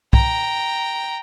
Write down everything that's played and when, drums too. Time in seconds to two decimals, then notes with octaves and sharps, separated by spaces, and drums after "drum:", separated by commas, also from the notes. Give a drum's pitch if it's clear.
0.13 G5 A#5, drum: kick B1